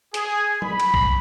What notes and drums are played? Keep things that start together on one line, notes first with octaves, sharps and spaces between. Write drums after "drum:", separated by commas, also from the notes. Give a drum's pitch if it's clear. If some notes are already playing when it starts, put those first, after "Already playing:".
G#4, drum: hi-hat
B5, drum: tom F#3
drum: cymbal
drum: kick B1